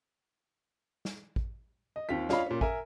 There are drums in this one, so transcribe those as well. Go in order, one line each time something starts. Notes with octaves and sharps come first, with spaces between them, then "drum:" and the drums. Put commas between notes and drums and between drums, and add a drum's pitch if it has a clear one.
drum: snare
drum: kick A1
D#5
D#2 C4 F4 B6
D4 F4 C#5 D#5 F5 B5, drum: snare
A#2 C#4
A#4 E5 G#5, drum: kick A1